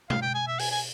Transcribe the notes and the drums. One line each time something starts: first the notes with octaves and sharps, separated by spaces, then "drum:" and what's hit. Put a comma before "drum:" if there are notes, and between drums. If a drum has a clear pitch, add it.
F5, drum: tom B2
G5
G#5
E5
G#5, drum: open hi-hat
G#5